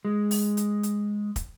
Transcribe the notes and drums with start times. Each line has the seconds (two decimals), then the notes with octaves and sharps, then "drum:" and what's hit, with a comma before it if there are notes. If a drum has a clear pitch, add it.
0.05 G#3
0.31 drum: open hi-hat
0.57 drum: hi-hat
0.83 drum: hi-hat
1.36 drum: kick, hi-hat